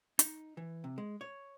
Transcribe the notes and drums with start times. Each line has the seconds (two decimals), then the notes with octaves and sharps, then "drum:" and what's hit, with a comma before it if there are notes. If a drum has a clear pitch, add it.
0.19 D#4, drum: hi-hat
0.57 E3
0.84 C3
0.98 G#3
1.21 C#5